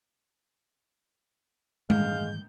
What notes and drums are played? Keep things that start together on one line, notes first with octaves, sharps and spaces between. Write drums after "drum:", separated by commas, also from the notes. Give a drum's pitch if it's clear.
G#2 D#3 E3 G#3 F5 G6, drum: tom G#3